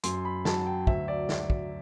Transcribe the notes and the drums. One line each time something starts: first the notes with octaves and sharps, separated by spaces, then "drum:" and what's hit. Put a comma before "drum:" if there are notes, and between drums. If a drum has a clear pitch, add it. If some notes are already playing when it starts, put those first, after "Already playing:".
F#2 C6, drum: hi-hat
B5
F#3 A5, drum: snare
G5
D2 E5, drum: kick
D5
drum: snare
drum: kick